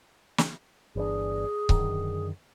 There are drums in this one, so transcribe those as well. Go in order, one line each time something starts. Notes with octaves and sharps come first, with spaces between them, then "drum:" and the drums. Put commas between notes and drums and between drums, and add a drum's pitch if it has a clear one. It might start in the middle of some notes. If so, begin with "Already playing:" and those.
drum: snare
G1 E3 D4 G#4
F#2 D3 D#3, drum: kick C#1